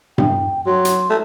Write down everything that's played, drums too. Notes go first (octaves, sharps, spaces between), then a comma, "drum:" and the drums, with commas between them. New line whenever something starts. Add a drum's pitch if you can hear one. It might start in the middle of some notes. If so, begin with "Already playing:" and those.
G5, drum: tom G2
F#3 C6
drum: hi-hat
A3